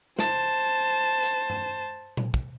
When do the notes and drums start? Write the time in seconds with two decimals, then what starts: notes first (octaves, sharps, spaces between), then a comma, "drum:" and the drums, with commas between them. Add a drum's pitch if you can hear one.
0.19 C5 A5, drum: snare
1.23 drum: hi-hat
1.50 drum: tom G2
2.17 drum: tom A#2
2.34 drum: kick